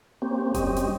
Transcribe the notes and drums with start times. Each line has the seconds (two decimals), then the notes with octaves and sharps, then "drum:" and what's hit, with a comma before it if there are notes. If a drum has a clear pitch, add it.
0.22 A#3 C4 C#4 G4
0.54 F#2 G3 C4 C#4 G4 D#5, drum: kick F1, hi-hat
0.76 drum: hi-hat